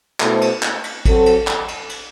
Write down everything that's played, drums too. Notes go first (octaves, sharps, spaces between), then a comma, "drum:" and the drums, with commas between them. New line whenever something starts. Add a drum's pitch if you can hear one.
B2 A3 E4 A4 C5, drum: clap
drum: cymbal
drum: clap
drum: cymbal
F#3 C4 F#4 A4 C5, drum: kick G#1, cymbal
drum: cymbal
drum: clap
drum: cymbal
drum: cymbal